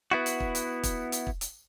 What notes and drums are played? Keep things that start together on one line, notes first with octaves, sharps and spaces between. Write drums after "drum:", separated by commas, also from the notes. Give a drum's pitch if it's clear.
B3 E4 F#4
drum: hi-hat
drum: kick
drum: hi-hat
drum: kick, hi-hat
drum: hi-hat
drum: kick
drum: hi-hat